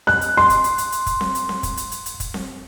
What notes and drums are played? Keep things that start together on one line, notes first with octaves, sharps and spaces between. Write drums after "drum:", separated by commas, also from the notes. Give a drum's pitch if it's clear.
F#6, drum: snare C4
drum: hi-hat
C6, drum: snare C4
drum: kick, hi-hat
drum: hi-hat
drum: hi-hat
drum: hi-hat
drum: kick, hi-hat
drum: snare C4
drum: hi-hat
drum: snare C4
drum: kick, hi-hat
drum: hi-hat
drum: hi-hat
drum: hi-hat
drum: kick, hi-hat
drum: snare C4